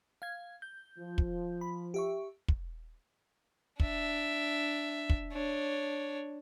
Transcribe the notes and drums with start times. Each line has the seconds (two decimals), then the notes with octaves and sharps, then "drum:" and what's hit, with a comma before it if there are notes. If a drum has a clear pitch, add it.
0.22 F5 G#6
0.62 G6
0.99 F3
1.18 drum: kick
1.61 B5
1.94 G4 E5 C#6
2.48 drum: kick
3.80 D4 E5, drum: kick
5.10 drum: kick
5.33 D4 C#5